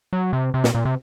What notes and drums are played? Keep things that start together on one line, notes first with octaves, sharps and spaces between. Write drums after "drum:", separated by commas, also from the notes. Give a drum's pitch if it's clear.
F#3
C3
C3
A#2, drum: snare
A#2
C3